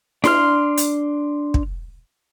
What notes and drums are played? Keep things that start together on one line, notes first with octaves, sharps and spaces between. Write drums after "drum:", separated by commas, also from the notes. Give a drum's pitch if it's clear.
D4 C6 F6, drum: snare E4
drum: hi-hat
drum: kick